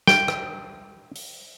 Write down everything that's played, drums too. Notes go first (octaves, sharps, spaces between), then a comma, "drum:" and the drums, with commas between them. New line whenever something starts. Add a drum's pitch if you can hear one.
G5, drum: snare
drum: rim click
drum: open hi-hat